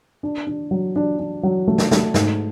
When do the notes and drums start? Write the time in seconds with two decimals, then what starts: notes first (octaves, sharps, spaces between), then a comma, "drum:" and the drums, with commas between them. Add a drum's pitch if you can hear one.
0.23 D4
0.47 D4
0.71 F#3
0.96 D4
1.19 D4
1.43 F#3
1.68 A3
1.78 drum: snare
1.91 A3, drum: snare
2.14 G#2, drum: snare